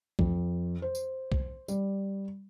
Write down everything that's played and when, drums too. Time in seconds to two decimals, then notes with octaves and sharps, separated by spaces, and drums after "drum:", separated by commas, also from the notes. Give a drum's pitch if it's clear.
0.19 F2, drum: kick
0.82 C5
0.95 drum: tambourine
1.32 drum: kick
1.68 G3, drum: tambourine